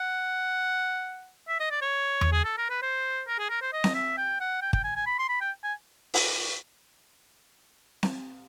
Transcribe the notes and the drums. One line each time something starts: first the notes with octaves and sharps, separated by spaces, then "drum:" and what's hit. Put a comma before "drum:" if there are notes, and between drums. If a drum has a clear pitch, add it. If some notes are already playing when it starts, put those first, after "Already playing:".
Already playing: F#5
E5
D#5
D5
C#5
drum: tom E2
G#4
A4
A#4
B4
C5
A#4
G#4
A#4
C5
D#5
drum: snare C4
E5
G5
F#5
G5
G5, drum: kick
G#5
G#5
B5
C6
B5
G5
G#5
drum: open hi-hat
drum: snare C4